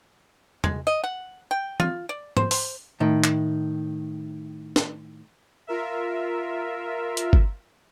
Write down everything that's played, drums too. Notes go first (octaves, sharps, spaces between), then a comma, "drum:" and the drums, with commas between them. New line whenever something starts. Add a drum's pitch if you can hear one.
G#3, drum: tom E2
D#5
F#5
G5
F4, drum: tom
D5
C5, drum: tom G#2
C5, drum: open hi-hat
A2 D#3
drum: clap
drum: snare
F4 A#4 E5
drum: hi-hat
drum: kick G1